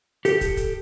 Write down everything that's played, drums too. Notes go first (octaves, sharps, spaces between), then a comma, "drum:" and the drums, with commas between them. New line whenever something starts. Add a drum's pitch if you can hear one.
G4 A4, drum: hi-hat
drum: kick, hi-hat
drum: kick, hi-hat